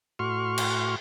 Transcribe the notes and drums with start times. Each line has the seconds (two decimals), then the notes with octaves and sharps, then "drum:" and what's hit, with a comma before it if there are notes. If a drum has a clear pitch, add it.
0.19 A2 F#4 C6 C#6 F6
0.58 drum: cymbal